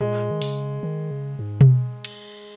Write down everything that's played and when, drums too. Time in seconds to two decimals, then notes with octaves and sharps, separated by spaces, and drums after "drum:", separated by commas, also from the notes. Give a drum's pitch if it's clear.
0.01 A#2 G#3
0.31 D#3
0.42 C#3, drum: open hi-hat
0.83 D#3
1.11 C#3
1.39 G#2
1.61 drum: tom B2
2.05 drum: cymbal